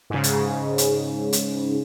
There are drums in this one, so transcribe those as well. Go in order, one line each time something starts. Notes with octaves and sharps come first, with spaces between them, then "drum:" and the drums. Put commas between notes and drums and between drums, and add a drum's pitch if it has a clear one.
G#2 C#3
drum: hi-hat
drum: hi-hat
drum: hi-hat